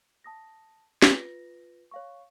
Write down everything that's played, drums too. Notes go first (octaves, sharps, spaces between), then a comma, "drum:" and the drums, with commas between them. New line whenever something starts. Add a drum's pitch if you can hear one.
A5 D#6 A#6
F4 B4 A#6, drum: snare
C#5 F5 C#6